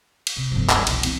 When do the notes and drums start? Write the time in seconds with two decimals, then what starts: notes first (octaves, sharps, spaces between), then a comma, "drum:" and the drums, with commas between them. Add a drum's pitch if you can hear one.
0.27 drum: cymbal
0.36 C3
0.51 G1 F3
0.70 G#3, drum: clap
0.87 B1 E3, drum: cymbal
1.03 E3 C4, drum: cymbal